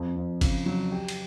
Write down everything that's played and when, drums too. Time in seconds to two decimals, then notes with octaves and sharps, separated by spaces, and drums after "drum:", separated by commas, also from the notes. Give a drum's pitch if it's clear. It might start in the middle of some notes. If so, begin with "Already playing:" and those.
Already playing: F2
0.16 F2
0.41 C#3, drum: kick G1, cymbal
0.66 F#3
0.92 G4
1.08 drum: cymbal